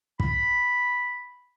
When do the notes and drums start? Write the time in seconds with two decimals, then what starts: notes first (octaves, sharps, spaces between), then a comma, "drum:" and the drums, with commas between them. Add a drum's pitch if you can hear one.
0.20 B5, drum: kick